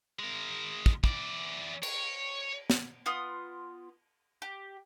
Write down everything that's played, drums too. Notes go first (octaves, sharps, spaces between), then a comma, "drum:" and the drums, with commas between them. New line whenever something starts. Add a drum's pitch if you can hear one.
G#3 A#4
drum: kick
E3 D5, drum: kick
C#5, drum: cymbal
drum: snare
B3 F4 C6 D#6
G4